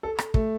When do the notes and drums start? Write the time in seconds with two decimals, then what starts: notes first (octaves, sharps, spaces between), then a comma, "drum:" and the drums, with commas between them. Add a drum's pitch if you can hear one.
0.03 A4
0.18 drum: rim click
0.34 A3, drum: kick